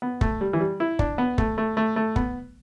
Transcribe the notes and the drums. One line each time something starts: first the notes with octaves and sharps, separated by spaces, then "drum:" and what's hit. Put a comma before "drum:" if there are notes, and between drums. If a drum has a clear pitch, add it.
B3
A3, drum: kick
G3
E3
G3
E4
D4, drum: kick
B3
A3, drum: kick
A3
A3
A3
B3, drum: kick